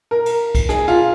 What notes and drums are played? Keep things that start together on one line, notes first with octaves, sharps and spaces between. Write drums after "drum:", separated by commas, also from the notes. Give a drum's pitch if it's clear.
A#4
drum: cymbal
drum: kick, cymbal
G#4, drum: rim click
F4